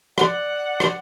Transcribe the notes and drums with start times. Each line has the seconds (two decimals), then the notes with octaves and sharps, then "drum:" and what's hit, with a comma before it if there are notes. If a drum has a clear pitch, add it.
0.18 D5 F#5, drum: rim click
0.80 drum: rim click